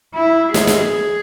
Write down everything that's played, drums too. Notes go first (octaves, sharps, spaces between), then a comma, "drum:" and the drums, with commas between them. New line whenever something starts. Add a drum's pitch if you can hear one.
E4
G#4, drum: snare
drum: snare